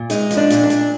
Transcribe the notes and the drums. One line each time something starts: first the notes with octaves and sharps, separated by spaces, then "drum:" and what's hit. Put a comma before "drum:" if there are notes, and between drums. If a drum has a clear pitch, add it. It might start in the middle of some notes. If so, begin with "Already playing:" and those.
Already playing: A#2
G#3 D#4, drum: hi-hat
F3, drum: hi-hat
D4
A#2, drum: hi-hat
D4
A#2, drum: hi-hat